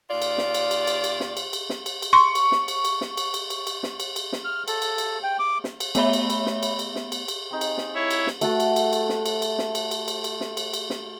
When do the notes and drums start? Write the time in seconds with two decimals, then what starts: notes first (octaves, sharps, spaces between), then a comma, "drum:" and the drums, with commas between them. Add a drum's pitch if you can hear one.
0.10 D#2 F4 D5
0.22 drum: cymbal
0.38 drum: snare
0.54 drum: cymbal
0.71 drum: cymbal
0.87 drum: cymbal
1.04 drum: cymbal
1.20 drum: snare
1.37 drum: cymbal
1.53 drum: cymbal
1.70 drum: snare
1.86 drum: cymbal
2.02 drum: cymbal
2.13 C6 C#6
2.35 drum: cymbal
2.52 drum: snare
2.68 drum: cymbal
2.85 drum: cymbal
3.01 drum: snare
3.17 drum: cymbal
3.34 drum: cymbal
3.50 drum: cymbal
3.67 drum: cymbal
3.83 drum: snare
4.00 drum: cymbal
4.16 drum: cymbal
4.32 drum: snare
4.44 F6
4.68 A4, drum: cymbal
4.82 drum: cymbal
4.98 drum: cymbal
5.23 G5
5.39 D6
5.64 drum: snare
5.80 drum: cymbal
5.95 A3 B3 C#5 E5 B5 G7, drum: cymbal
6.13 drum: cymbal
6.30 drum: cymbal
6.46 drum: snare
6.63 drum: cymbal
6.79 drum: cymbal
6.95 drum: snare
7.12 drum: cymbal
7.28 drum: cymbal
7.51 C4 D#4 G#4
7.61 drum: cymbal
7.78 drum: snare
7.94 E4 C#5
8.11 drum: cymbal
8.27 drum: snare
8.41 A3 F#4 A4, drum: cymbal
8.60 drum: cymbal
8.76 drum: cymbal
8.93 drum: cymbal
9.09 drum: snare
9.26 drum: cymbal
9.42 drum: cymbal
9.58 drum: snare
9.75 drum: cymbal
9.91 drum: cymbal
10.08 drum: cymbal
10.24 drum: cymbal
10.41 drum: snare
10.57 drum: cymbal
10.73 drum: cymbal
10.90 drum: snare